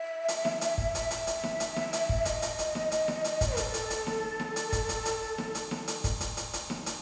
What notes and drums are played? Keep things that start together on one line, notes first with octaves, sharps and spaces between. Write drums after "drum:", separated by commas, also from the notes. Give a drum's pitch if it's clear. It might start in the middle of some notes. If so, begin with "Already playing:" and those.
Already playing: E5
drum: hi-hat
drum: snare D#4
drum: hi-hat
drum: kick
E5, drum: hi-hat
drum: hi-hat
drum: hi-hat
drum: snare D#4
drum: hi-hat
drum: snare D#4
drum: hi-hat
drum: kick
D#5, drum: hi-hat
drum: hi-hat
drum: hi-hat
drum: snare D#4
drum: hi-hat
drum: snare D#4
drum: hi-hat
drum: kick, hi-hat
A4, drum: hi-hat
drum: hi-hat
drum: hi-hat
drum: snare D#4
drum: snare D#4
drum: hi-hat
drum: kick, hi-hat
drum: hi-hat
drum: hi-hat
drum: snare D#4
drum: hi-hat
drum: snare D#4
drum: hi-hat
drum: kick, hi-hat
drum: hi-hat
drum: hi-hat
drum: hi-hat
drum: snare D#4
drum: hi-hat